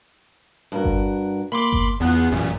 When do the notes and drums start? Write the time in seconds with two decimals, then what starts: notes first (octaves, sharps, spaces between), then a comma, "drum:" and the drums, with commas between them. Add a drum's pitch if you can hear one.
0.72 G2 F#4 A#4
0.84 drum: kick G1
1.52 A#3 B5 C6 D6
1.73 drum: kick G1
2.00 E2 B3 F4 G#4 F#6
2.31 A1 F#2 A#2